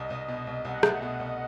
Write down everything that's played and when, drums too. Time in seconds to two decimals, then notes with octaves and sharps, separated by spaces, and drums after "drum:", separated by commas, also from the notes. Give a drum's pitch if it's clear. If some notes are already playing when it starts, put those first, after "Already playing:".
Already playing: C2 D#5
0.10 C2
0.28 B2
0.47 C2
0.65 C2 F#5
0.83 A3, drum: rim click
1.02 B2
1.20 C2